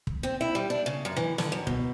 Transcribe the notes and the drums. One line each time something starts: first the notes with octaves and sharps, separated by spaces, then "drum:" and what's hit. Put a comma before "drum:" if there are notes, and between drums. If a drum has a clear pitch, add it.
drum: kick
C4
E4
G3
D4
C#3
F#2
E3
D3, drum: snare
F#2
B2, drum: kick